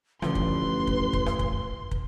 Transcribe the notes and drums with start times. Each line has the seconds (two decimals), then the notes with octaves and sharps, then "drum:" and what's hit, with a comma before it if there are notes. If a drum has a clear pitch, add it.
0.22 A1 D3 F3 B4 C6, drum: rim click
0.35 drum: kick
0.87 drum: kick
1.13 drum: kick
1.26 drum: rim click
1.39 drum: kick
1.91 drum: kick